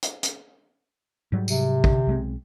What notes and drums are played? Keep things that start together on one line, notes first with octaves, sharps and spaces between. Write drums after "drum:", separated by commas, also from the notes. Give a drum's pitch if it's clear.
drum: hi-hat
drum: hi-hat
G#2 F#3 G3
C3, drum: tambourine
D3, drum: kick
B1 G#3 C4